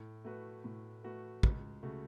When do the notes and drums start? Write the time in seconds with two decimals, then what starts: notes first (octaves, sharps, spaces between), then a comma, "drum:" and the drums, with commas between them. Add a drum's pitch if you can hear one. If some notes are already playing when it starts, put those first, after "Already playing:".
Already playing: A2
0.24 A3 F#4 B4
0.64 A2
1.04 A3 F#4 B4
1.43 C#2, drum: kick
1.83 C#3 A3 F#4